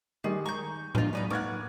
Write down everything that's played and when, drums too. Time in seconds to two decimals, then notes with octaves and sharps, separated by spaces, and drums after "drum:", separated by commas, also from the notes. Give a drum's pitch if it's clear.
0.24 D#3 G3 G#3 G#4
0.46 A#5 C#6 G6
0.95 D4 D#4 F4 D#5, drum: tom A2
1.13 F#3 G#3 C#4 D#4 B4 D5
1.30 A#3 D#4 B4 D5 F#5 C#6 F6 G#6